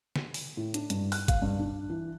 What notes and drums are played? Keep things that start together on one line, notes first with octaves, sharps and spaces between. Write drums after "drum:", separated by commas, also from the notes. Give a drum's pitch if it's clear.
drum: snare
drum: open hi-hat
A2
D4, drum: hi-hat
G2, drum: hi-hat
F#6, drum: open hi-hat
F5, drum: kick G1, hi-hat
G2
D4
E3